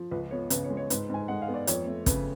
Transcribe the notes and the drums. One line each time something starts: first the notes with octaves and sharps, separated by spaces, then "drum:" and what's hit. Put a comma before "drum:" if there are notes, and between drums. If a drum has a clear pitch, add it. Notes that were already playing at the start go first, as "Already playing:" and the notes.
Already playing: F3
C#2 B4
B3 C#5
C#3 B4, drum: hi-hat
C#5
G#3
C#5
G#2 B4, drum: hi-hat
G#2 G#5
G#3 F#5
F5
B3
D5
F2 C#5, drum: hi-hat
A3
C#3 B4, drum: kick, hi-hat